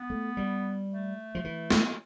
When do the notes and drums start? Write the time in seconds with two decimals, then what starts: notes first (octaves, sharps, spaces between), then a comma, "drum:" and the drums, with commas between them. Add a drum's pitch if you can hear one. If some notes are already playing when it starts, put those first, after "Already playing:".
Already playing: B3
0.10 A3
0.37 G3
0.90 A3
1.35 F3
1.44 E3
1.71 drum: snare